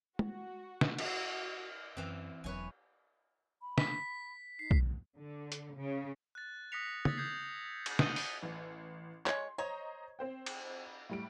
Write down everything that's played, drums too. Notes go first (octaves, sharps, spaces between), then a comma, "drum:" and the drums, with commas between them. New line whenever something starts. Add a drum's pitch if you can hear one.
F#4, drum: tom
drum: snare
F#4, drum: cymbal
F#2 E3 C4
E1 F#3 B4 C#5 G#5
B5
B6, drum: snare
D#4 C7
drum: kick B1
D3
drum: hi-hat
C#3
F#6 A6
D#6 F#6 A#6 B6 C#7 F7
D#6 E6 G#6 A6 B6, drum: tom
D#6 G6 G#6 C7
drum: cymbal
D#6 C7 C#7 D#7 G7, drum: snare
drum: open hi-hat
A1
G#3 C#5 C6, drum: clap
C5 C#5 D#5 A#5
C4 C5 G5
drum: cymbal
A2 G3 D7